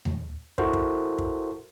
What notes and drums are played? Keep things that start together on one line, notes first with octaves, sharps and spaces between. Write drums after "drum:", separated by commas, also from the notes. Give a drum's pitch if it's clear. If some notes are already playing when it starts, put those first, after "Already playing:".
drum: tom D#2
E4 F#4 A4 A#4 C5, drum: kick
drum: kick
drum: kick